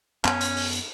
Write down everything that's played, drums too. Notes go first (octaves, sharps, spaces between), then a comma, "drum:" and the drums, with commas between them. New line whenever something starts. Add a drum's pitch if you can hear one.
F#2 B3 C#4, drum: clap
drum: hi-hat
drum: open hi-hat
drum: hi-hat